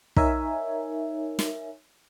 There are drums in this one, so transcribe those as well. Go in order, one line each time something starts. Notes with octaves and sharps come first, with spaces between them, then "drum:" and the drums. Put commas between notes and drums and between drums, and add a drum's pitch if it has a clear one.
D#4 A#4 C#5 E5 G#5, drum: kick
drum: snare